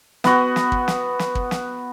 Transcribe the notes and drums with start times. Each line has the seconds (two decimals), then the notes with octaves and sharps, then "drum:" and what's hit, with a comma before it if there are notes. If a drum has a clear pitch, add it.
0.24 B3 F#4, drum: snare
0.56 drum: snare
0.72 drum: kick
0.88 drum: snare
1.19 drum: snare
1.35 drum: kick
1.51 drum: snare